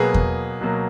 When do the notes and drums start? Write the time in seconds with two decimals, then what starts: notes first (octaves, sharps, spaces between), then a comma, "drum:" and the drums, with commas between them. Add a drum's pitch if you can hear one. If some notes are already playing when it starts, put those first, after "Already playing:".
Already playing: B2 F#3 A#3 G#4 B4
0.14 drum: kick E2
0.61 B2 F#3 A#3